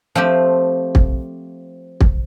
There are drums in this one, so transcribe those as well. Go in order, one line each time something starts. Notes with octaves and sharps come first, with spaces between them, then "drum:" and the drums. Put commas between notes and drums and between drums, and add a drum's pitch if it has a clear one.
F3 A3 C4 G4
drum: kick
drum: kick